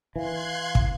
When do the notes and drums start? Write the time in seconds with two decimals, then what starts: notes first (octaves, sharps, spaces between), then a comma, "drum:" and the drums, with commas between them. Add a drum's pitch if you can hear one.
0.16 E3 F5 C6 F#6 G#6
0.75 drum: kick